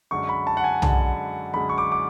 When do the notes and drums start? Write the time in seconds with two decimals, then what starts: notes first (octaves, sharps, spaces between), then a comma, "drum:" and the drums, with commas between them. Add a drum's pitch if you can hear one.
0.11 F#2 D3 G#3 C#6
0.29 B5
0.47 A5
0.57 F#5
0.64 G#5
0.82 F#2 D3 G#3 A5, drum: tom B1
1.54 F#2 D3 G#3 B5
1.69 C#6
1.78 D6
1.92 D6